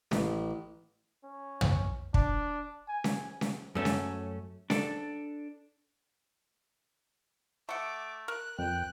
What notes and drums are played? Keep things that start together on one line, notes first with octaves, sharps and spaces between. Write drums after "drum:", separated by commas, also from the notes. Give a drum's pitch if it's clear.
A1, drum: snare C#4
C#4
drum: tom
D4, drum: kick
G#5
drum: snare C#4
drum: snare C#4
F#2 A3 C#4 A4
drum: snare C#4
D4 A4, drum: snare C#4
A3 F#5 D6
A#4 F#6
F2 G5 F#6